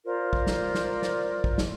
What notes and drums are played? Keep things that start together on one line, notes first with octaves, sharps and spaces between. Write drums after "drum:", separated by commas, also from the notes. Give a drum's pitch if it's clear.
F4 A#4 C5 D5
drum: kick
drum: snare
drum: snare
drum: snare
drum: kick
drum: snare